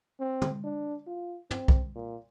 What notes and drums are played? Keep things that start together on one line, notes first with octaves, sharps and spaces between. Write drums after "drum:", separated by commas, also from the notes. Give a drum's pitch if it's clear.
C4
drum: tom
D4
F4
C4, drum: tom
drum: kick
A#2